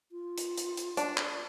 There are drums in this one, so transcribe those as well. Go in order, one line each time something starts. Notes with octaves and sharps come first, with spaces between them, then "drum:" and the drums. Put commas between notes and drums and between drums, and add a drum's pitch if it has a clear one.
F4
drum: hi-hat
drum: hi-hat
drum: hi-hat
D4, drum: hi-hat
drum: clap